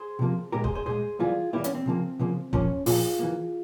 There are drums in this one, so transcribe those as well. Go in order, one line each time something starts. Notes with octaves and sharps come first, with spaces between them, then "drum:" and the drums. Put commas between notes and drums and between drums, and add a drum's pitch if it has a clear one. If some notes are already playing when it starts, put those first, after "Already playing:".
Already playing: G#4 C5
C3 F3 A#3
A#2 G#3 G4 A#4
G#4 C5, drum: kick
G#4 C5
A#2 G#3 G#4 C5
E3 G3 A#3 F4 G#4
E3 G3 A#3 E4 G4
C#4, drum: hi-hat
C4
C#3 F3 A#3
C#3 F3 A#3
A#2 F3 A#3 C#4, drum: kick
A#2 F3 A#3 F4 G#4, drum: open hi-hat
E3 A#3